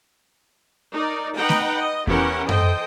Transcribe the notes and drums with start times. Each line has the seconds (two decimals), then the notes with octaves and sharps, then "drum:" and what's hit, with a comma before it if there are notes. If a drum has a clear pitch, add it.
0.94 D#4 A#4 D5
1.37 D#4 B4 D#5 F#5 G5 A#5
1.49 drum: snare A3
1.76 D#5
2.07 E3 B3 C#4 G4 A#4 F#5, drum: kick E2
2.49 A4 C5 D#5 G5, drum: tom F#2